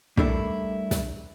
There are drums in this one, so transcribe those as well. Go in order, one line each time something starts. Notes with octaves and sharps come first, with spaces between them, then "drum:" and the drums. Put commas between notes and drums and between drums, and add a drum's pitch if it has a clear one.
G3 A3 D4 E4 A4 A#4, drum: kick
drum: snare